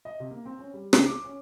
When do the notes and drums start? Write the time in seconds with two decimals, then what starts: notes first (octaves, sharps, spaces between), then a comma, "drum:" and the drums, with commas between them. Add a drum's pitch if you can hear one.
0.05 D#5
0.20 C3
0.31 A#3
0.46 C4
0.59 C#4
0.74 G3
0.93 C#2, drum: rim click
1.06 D6
1.25 C#4